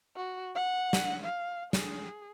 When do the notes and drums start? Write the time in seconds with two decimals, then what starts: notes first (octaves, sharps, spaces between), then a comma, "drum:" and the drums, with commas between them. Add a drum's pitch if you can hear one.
0.16 F#4
0.55 F#5
0.93 drum: snare
1.24 F5
1.73 G#4, drum: snare